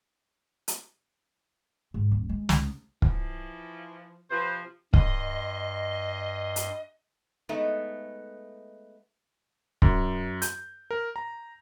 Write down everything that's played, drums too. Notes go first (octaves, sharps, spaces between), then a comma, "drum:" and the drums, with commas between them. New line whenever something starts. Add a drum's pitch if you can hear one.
drum: hi-hat
G#2
D#1
G#3
C#2, drum: snare
E3 F3, drum: kick
C3 F3 B4 C5
G2 D#5 C6, drum: kick
drum: hi-hat
G#3 A3 B3 D#4 E5
F#2, drum: kick
G6, drum: hi-hat
A#4
A#5